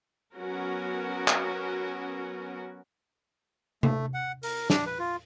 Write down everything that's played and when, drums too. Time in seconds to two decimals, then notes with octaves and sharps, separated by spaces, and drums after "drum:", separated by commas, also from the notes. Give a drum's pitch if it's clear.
0.34 F#3 B3 C#4 F#4 A#4
1.28 drum: clap
3.83 A3, drum: tom C3
4.14 F#5
4.43 A#4, drum: open hi-hat
4.70 D4, drum: snare
4.86 B4
4.99 F4